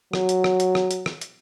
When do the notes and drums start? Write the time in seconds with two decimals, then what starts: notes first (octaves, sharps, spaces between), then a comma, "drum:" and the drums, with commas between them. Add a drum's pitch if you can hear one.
0.13 F#3, drum: rim click
0.29 drum: hi-hat
0.44 drum: rim click
0.60 drum: hi-hat
0.75 drum: rim click
0.91 drum: hi-hat
1.06 drum: rim click
1.21 drum: hi-hat